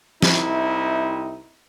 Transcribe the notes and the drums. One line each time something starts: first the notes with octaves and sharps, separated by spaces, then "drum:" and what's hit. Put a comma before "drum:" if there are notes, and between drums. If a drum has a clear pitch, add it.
C2 C3 D#4 E4, drum: snare